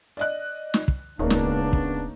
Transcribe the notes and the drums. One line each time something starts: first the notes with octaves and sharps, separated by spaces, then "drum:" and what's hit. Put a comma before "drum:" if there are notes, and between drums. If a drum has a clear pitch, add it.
D5 D#5 F#6
drum: snare
drum: kick
D#1 C#2 C#3 A#3 B3 D4 D#4 C#5
drum: snare
drum: kick